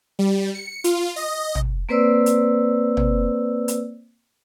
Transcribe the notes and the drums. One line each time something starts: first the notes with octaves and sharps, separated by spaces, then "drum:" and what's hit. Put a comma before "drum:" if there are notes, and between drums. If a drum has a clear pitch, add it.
G3
C#7
F4, drum: hi-hat
D#5
drum: tom
A#3 C4 B4 C5 D5 E6
drum: hi-hat
drum: tom
drum: hi-hat